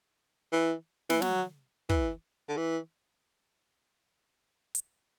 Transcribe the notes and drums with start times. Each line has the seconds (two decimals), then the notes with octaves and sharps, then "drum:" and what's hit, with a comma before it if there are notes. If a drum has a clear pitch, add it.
0.53 E3
1.10 E3, drum: snare
1.22 F#3, drum: snare
1.89 E3, drum: kick
2.49 D3
2.58 E3
4.75 drum: hi-hat